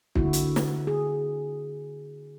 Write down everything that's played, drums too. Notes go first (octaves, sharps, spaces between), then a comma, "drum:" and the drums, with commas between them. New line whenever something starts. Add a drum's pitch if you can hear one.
D3 A#3 E4 F#4, drum: kick
drum: hi-hat
drum: snare
G#4